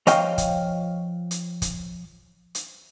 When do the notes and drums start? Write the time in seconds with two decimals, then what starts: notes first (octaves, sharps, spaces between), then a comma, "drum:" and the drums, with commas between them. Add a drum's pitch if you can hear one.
0.07 F3 C#5 D#5 F5 G5, drum: hi-hat
0.38 drum: kick, hi-hat
1.31 drum: hi-hat
1.62 drum: kick, hi-hat
2.55 drum: hi-hat